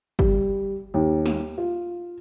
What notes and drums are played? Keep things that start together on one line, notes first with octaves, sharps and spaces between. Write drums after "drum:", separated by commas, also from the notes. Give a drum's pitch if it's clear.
G3, drum: kick
D#2
drum: snare
F4